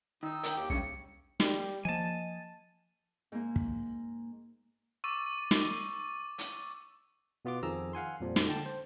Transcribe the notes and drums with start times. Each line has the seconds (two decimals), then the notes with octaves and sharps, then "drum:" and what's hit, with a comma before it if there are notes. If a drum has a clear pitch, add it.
0.23 D#3 D#4 E6
0.43 A#4 G5, drum: hi-hat
0.57 D#2 G4
0.70 B1 G2 C#3 C#7
1.40 G3, drum: snare
1.85 F3 A#3 D#5 G#5 A5
3.32 G#2 A#3
3.56 drum: kick
5.04 C#6 D6 E6 A6 D#7
5.51 drum: snare
6.38 drum: hi-hat
7.45 B2 B3 F4 C6 D6
7.63 F2 D#3 F3 G#4 A#5 E6
7.93 F5 F#5 G#5 C6
8.21 F2 A#2 F3 G3
8.36 drum: snare
8.47 D3 G5 A5
8.66 C5